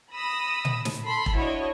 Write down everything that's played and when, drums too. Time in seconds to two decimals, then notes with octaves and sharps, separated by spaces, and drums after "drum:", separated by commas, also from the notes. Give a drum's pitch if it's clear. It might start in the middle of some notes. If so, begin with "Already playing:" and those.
0.14 B5 D#6 E6 A#6
0.65 drum: tom A#2
0.85 drum: snare
1.06 A4 B5 C6
1.26 drum: kick E1
1.37 D4 E4 F#4 C#5 D#5